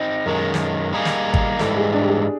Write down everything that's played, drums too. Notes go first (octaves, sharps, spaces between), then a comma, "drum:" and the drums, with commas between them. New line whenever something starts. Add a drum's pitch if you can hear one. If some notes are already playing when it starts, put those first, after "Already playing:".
Already playing: C4 D#4
F#2 D#3 G#3 A#4
drum: snare
G3 A#3 D#4 G#4
drum: snare
drum: kick G#1
G#2 E3 G3 A4, drum: snare
G#4
D4
G4
G#4